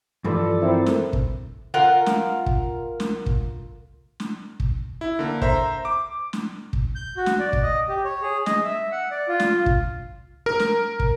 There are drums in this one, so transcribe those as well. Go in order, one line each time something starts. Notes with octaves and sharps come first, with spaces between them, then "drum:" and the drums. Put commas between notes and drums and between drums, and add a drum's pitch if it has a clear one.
G2 E3 F3 A4 B4 D5
C4 E4 A#4
drum: snare
drum: kick
F4 A#4 F#5
drum: snare
drum: kick
drum: snare
drum: kick
drum: snare
drum: kick
E4
D3 A#3
C5 E5 A#5, drum: kick
D6
drum: snare
drum: kick
G6
F#4
drum: snare
D5
drum: kick
D#5
G4
C#5
G#4
D#5, drum: snare
E5
F#5
D5
F4
drum: snare
drum: kick
A#4
drum: snare
drum: kick